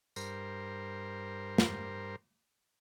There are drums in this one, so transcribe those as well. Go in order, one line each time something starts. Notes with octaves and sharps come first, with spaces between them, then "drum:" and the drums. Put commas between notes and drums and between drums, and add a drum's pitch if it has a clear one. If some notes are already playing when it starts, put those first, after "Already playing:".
G2 A#4 C5, drum: tambourine
drum: snare